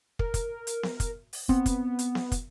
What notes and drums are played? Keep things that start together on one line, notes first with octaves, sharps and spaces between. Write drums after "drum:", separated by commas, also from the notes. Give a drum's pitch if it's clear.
A#4, drum: kick
drum: kick, hi-hat
drum: hi-hat
drum: snare B3
drum: kick, hi-hat
drum: open hi-hat
B3 C4, drum: kick
drum: kick, hi-hat
drum: hi-hat
drum: snare B3
drum: kick, hi-hat